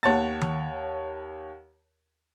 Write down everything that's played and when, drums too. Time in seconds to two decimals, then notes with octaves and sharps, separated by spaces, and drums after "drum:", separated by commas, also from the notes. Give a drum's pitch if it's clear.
0.03 D#2 C#5 F#5 A5 A6
0.41 drum: tom D#3